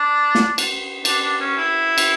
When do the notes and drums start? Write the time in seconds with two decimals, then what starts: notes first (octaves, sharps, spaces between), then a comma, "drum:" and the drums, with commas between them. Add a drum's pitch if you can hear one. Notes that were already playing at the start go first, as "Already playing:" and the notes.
Already playing: D4
0.35 drum: snare
0.58 drum: cymbal
1.05 D4, drum: cymbal
1.23 D4
1.40 C#4
1.57 E4
1.98 drum: cymbal